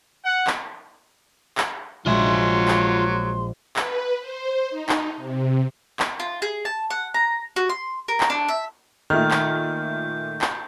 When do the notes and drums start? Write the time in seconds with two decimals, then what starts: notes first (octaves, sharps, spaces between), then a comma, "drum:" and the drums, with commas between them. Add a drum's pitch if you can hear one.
0.24 F#5
0.47 drum: clap
1.58 drum: clap
2.06 A#1 F#3 G#3 F4 E5 C6
2.68 drum: clap
3.76 B4, drum: clap
4.20 C5
4.70 D#4
4.89 drum: clap
5.17 C3
5.99 drum: clap
6.20 F4
6.42 G#4
6.65 A5
6.90 F#5
7.14 A#5
7.56 F#4
7.69 C6
8.08 A#4
8.20 drum: clap
8.30 D4
8.48 E5
9.10 A#2 D#3 A3 F6 G6
9.31 drum: clap
10.41 drum: clap